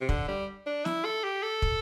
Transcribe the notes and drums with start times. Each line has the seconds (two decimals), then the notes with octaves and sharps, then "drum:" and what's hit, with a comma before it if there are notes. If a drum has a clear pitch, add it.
0.01 C3
0.09 D3, drum: kick
0.28 G3
0.66 D4
0.85 E4, drum: snare
1.05 A4
1.24 G4
1.43 A4
1.62 drum: kick